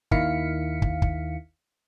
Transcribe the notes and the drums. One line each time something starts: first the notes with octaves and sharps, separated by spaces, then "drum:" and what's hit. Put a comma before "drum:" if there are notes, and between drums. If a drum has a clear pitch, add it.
D#2 D#3 E4 F5 B6 C#7, drum: kick
drum: kick
drum: kick